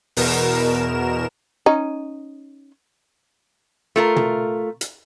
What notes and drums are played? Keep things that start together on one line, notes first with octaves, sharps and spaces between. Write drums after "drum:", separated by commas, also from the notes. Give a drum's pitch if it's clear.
E2 B2 A#4 E7, drum: open hi-hat
C#4 D#4
A3 F4 A#4
drum: tom
drum: hi-hat